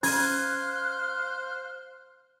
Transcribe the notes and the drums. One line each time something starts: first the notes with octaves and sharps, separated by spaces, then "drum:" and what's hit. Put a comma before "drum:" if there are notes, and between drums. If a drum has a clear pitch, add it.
C#4 C5 F5 F6 F#6 G#6, drum: open hi-hat